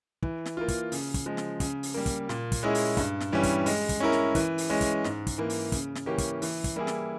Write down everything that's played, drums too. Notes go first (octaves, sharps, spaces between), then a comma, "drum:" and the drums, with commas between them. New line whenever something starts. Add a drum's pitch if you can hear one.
E3, drum: kick
drum: snare
A#3 F4
drum: kick, hi-hat
C#3, drum: open hi-hat
drum: kick, hi-hat
F3 G#3
drum: snare
C#3, drum: kick, hi-hat
drum: open hi-hat
G3 A#3
drum: kick, hi-hat
A#2, drum: snare
drum: kick, hi-hat
G#3 C#4 E4 G#4
drum: open hi-hat
G2, drum: kick, hi-hat
drum: snare
E3 G3 C#4
drum: kick, hi-hat
G#3, drum: open hi-hat
drum: kick, hi-hat
C#4 E4 A#4
drum: snare
E3, drum: kick, hi-hat
drum: open hi-hat
G#3 C#4
drum: kick, hi-hat
G#2, drum: snare
drum: kick, hi-hat
E3 A#3
drum: open hi-hat
C#3, drum: kick, hi-hat
drum: snare
E3 A#3 C#4 G4
drum: kick, hi-hat
E3, drum: open hi-hat
drum: kick, hi-hat
G3 A#3 E4 G#4
drum: snare